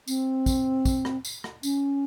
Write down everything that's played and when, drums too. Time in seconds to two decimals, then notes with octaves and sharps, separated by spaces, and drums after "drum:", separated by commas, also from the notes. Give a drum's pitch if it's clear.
0.07 C4, drum: tambourine
0.46 drum: kick, tambourine
0.85 drum: kick, tambourine
1.05 drum: rim click
1.25 drum: tambourine
1.44 drum: rim click
1.63 C#4, drum: tambourine